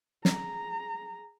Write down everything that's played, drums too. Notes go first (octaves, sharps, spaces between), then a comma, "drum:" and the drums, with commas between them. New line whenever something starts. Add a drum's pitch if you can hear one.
G#4 A#5, drum: snare